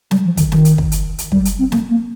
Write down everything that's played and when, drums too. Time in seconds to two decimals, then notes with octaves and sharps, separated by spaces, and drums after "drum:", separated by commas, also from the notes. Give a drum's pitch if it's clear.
0.11 G3, drum: snare
0.25 F3
0.37 D#3, drum: kick, hi-hat
0.52 D#3, drum: snare
0.65 drum: hi-hat
0.78 drum: kick
0.92 drum: hi-hat
1.18 drum: hi-hat
1.32 G3, drum: kick
1.45 drum: hi-hat
1.59 C4
1.72 A#3, drum: snare
1.90 A#3